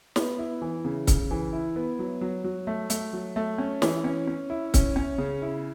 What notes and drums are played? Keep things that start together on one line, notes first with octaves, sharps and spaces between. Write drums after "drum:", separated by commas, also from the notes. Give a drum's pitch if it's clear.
B3, drum: snare
E4
E3
C#3
C#3, drum: kick C#1, hi-hat
E3
E4
B3
F#3
F#3
F#3
A3
A3, drum: hi-hat
F#3
A3
C#4
E3, drum: snare
C#4
C#4
E4
C#4, drum: kick C#1, hi-hat
C#4
C#3
E4